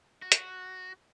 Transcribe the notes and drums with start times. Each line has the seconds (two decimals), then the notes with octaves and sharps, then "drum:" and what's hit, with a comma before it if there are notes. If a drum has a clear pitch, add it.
0.22 F#4
0.32 drum: hi-hat